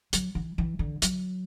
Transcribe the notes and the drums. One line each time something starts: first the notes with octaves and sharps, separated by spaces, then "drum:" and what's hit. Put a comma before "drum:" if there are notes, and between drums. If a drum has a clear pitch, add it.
F#3, drum: hi-hat
E3
E3
D3
F#3, drum: hi-hat